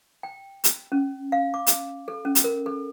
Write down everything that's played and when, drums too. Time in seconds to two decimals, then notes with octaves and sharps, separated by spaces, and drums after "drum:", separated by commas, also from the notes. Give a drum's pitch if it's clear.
0.23 G5
0.64 drum: hi-hat
0.92 C#4
1.32 F5
1.54 D6
1.67 drum: hi-hat
2.08 A4
2.25 C#4
2.35 drum: hi-hat
2.44 A#4
2.66 A4